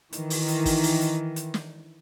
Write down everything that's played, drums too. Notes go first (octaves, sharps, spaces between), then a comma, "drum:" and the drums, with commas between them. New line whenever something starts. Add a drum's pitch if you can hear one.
D#3 E3, drum: hi-hat
drum: open hi-hat
drum: hi-hat
drum: kick, open hi-hat
drum: open hi-hat
drum: hi-hat
drum: hi-hat
drum: snare